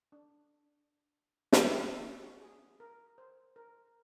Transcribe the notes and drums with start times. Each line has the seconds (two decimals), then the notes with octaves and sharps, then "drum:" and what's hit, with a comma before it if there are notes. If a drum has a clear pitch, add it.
0.12 D4
1.53 drum: snare
1.65 D4
1.84 C#4
2.03 D4
2.22 F#4
2.41 G#4
2.80 A#4
3.18 C5
3.56 A#4